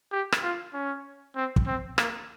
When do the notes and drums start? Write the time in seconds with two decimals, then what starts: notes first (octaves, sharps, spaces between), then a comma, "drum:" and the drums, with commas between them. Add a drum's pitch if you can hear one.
0.12 G4
0.32 drum: rim click
0.43 F4
0.73 C#4
1.36 C4
1.56 drum: kick
1.67 C4
1.98 A#3, drum: rim click